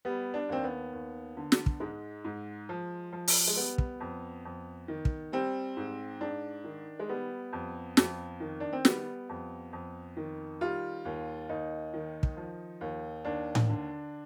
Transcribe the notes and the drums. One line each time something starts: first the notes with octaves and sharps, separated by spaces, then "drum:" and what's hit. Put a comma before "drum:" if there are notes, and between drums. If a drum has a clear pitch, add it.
G3 B3
D4
D#2 C4
B3
D#2
D3
drum: snare
drum: kick
G#2 G#3
G#2
F3
F3
drum: open hi-hat
G#3
G3 B3
drum: kick
F2
F2
D#3
drum: kick
G3 C4
G#2
G#2 D4
D#3
G#3
G3 B3
F2
F2, drum: snare
D#3
D4
C4
G3 B3, drum: snare
F2
F2
D#3
G3 F4
D#2
D#2 D#4
D#3
drum: kick
F3
D#2
D#2 D4
drum: tom A2
D3